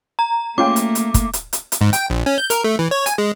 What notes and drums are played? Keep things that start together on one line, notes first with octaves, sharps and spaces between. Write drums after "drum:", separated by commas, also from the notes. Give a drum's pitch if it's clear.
A#5
A3 A#3 C#4 F4 G5 D6
drum: hi-hat
drum: hi-hat
drum: kick, hi-hat
drum: hi-hat
drum: hi-hat
drum: hi-hat
G#2
G5, drum: hi-hat
A#1
C#4
G6
A#4, drum: hi-hat
A3
E3
C#5
G#5, drum: hi-hat
G#3